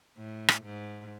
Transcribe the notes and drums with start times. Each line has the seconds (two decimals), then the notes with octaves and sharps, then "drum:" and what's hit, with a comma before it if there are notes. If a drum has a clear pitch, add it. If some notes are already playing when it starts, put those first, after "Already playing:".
0.17 A2
0.49 drum: rim click
0.64 G#2